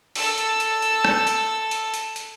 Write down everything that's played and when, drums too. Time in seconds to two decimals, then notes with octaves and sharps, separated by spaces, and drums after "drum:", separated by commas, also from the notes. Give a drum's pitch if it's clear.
0.15 A4 E6, drum: open hi-hat
0.38 drum: hi-hat
0.60 drum: hi-hat
0.82 drum: hi-hat
1.05 drum: rim click
1.27 drum: hi-hat
1.71 drum: hi-hat
1.94 drum: hi-hat
2.16 drum: hi-hat